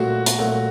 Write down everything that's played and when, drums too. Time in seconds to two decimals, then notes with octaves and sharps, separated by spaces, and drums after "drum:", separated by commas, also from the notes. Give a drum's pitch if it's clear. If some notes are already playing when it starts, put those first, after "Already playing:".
Already playing: C2 A#2 F#3 A3 F#4
0.26 drum: hi-hat
0.39 C2 A#2 F#3 A3